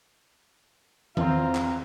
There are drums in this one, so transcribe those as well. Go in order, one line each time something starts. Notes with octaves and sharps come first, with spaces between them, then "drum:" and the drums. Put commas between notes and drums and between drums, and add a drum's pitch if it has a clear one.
E2 C4 F4 A#5, drum: tom D#3
drum: clap